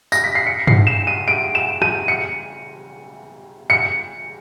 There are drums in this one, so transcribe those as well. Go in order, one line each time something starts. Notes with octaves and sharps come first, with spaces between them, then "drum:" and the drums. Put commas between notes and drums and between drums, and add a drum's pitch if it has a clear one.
A#6, drum: tambourine
B6
C7
C#7
C7, drum: tom G2
E7
D#7
D7
E7
D#7, drum: rim click
C#7
C#7